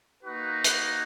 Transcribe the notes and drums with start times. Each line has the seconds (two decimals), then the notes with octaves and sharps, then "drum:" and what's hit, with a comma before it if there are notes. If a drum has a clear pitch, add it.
0.24 A#3 D#4 F#4 B4
0.64 drum: hi-hat